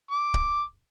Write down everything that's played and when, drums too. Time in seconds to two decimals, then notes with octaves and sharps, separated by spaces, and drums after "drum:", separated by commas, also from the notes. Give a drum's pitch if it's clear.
0.11 D6
0.34 drum: kick